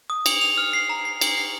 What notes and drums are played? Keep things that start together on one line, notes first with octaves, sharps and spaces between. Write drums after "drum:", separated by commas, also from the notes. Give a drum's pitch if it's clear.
D#6
F7, drum: cymbal
F7
F6
C7
A#5
C7
C7, drum: cymbal
C7